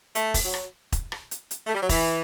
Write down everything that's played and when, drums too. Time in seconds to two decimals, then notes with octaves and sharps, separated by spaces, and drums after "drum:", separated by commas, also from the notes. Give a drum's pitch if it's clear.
0.15 A3, drum: hi-hat
0.34 drum: kick E1, open hi-hat
0.44 F#3
0.54 drum: rim click
0.92 drum: kick E1, hi-hat
1.12 drum: rim click
1.31 drum: hi-hat
1.51 drum: hi-hat
1.67 A3
1.74 G3
1.81 F#3
1.89 E3, drum: kick E1, open hi-hat